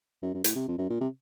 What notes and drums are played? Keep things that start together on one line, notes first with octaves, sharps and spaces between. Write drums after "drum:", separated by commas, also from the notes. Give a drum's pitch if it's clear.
F#2
F#2
A2, drum: hi-hat
C3
F2
F#2
A#2
C3